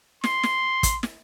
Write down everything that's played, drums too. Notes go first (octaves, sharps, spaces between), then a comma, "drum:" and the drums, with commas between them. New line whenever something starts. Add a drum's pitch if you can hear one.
C6, drum: snare
drum: snare
drum: kick, hi-hat
drum: snare